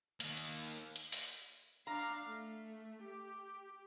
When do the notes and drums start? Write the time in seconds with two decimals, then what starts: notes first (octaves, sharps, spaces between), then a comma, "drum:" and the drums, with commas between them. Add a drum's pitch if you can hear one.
0.20 D#3 A#3, drum: hi-hat
0.37 drum: hi-hat
0.96 drum: hi-hat
1.12 drum: open hi-hat
1.87 D4 F5 A#5
2.26 A3
3.04 G4